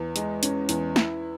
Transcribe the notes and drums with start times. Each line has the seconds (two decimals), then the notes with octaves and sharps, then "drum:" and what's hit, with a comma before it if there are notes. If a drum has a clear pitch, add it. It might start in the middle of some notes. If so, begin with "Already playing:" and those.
Already playing: E2
0.16 G#3, drum: hi-hat
0.43 C#4, drum: hi-hat
0.69 E2, drum: hi-hat
0.96 E4, drum: snare